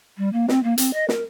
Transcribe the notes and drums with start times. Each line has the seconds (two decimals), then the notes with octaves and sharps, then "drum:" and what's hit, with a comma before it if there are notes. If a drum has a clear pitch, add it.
0.18 G3
0.33 A#3
0.48 C4, drum: snare
0.63 A#3
0.78 C4, drum: hi-hat
0.94 D#5
1.09 A#4, drum: snare